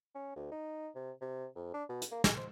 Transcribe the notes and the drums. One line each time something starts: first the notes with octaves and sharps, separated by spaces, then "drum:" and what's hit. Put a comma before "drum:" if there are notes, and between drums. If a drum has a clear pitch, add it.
C#4
D2
D#4
C3
C3
F2
D4
B2
drum: hi-hat
A#3
G#4, drum: snare
C5